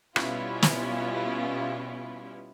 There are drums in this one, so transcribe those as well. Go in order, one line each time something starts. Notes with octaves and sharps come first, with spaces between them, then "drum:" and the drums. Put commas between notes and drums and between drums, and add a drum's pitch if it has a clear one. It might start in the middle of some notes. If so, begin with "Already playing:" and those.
B2 G3 B3 C#4 E4 F4, drum: rim click
drum: snare